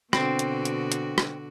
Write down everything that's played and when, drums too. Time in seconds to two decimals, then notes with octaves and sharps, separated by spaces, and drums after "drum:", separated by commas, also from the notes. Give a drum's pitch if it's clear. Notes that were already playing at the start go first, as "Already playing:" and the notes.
0.13 B2 D3 C4 F#4, drum: rim click
0.39 drum: hi-hat
0.65 drum: hi-hat
0.92 drum: hi-hat
1.18 drum: rim click